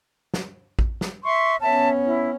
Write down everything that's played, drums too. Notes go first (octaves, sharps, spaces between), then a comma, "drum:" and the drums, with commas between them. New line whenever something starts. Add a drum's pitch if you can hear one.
drum: snare
drum: kick A1
drum: snare
E5 C6 C#6
B3 C#4 E5 A5
E4